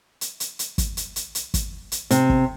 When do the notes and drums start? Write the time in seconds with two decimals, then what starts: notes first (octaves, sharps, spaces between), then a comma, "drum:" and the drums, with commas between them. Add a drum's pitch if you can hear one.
0.21 drum: hi-hat
0.40 drum: hi-hat
0.59 drum: hi-hat
0.78 drum: kick, hi-hat
0.97 drum: hi-hat
1.16 drum: hi-hat
1.35 drum: hi-hat
1.54 drum: kick, hi-hat
1.92 drum: hi-hat
2.11 C3, drum: hi-hat
2.29 drum: kick